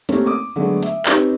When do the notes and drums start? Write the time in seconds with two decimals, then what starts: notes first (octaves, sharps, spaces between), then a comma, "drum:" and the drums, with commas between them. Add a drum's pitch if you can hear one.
0.09 A3 A#3 C4 C#4 G4, drum: hi-hat
0.26 D6 D#6
0.56 D3 F#3 G#3 A3 B3
0.83 E5, drum: hi-hat
1.06 C4 C#4 D#4 G4 B4, drum: clap